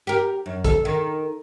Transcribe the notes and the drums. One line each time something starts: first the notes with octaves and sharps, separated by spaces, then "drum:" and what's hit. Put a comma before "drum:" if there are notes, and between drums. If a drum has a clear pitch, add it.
G4 A#4
F#2
A4, drum: kick, hi-hat
D#3